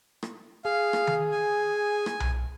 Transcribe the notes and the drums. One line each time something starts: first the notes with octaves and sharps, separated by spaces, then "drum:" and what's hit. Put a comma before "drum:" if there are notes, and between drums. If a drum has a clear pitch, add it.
drum: rim click
G#4 F5
drum: rim click
drum: tom D#3
G#5
drum: rim click
drum: tom B1